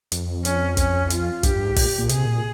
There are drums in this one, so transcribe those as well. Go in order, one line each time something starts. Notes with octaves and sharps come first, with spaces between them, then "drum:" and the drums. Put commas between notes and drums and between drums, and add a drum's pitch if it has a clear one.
F2, drum: hi-hat
C#4, drum: hi-hat
C#4, drum: kick, hi-hat
F4, drum: hi-hat
G2 G4, drum: kick, hi-hat
G2
G#2
A#2, drum: kick, open hi-hat
A#2
C3 G#4, drum: hi-hat
A#2